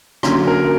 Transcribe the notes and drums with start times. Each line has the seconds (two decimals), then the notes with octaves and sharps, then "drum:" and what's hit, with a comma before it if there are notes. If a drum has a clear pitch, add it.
0.23 D3 F#3 A#3 C#4 A#4, drum: rim click
0.47 A#4